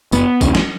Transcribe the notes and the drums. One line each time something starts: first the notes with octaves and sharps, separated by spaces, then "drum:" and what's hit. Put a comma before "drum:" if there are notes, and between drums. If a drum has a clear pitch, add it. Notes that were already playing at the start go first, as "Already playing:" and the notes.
F#1 B3, drum: tambourine
E2 C#3, drum: kick, tambourine
drum: snare